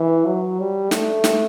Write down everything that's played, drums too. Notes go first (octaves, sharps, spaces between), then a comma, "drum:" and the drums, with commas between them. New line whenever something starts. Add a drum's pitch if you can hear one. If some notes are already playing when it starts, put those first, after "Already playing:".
Already playing: E3
F#3
G3
A3, drum: snare
drum: snare